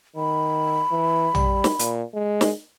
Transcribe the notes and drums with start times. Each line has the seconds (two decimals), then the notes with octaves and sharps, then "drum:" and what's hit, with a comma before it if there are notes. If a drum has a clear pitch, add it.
0.16 D#3 B5
0.92 E3
1.35 G3, drum: tom
1.64 drum: snare
1.79 A#2, drum: hi-hat
2.14 G#3
2.41 drum: snare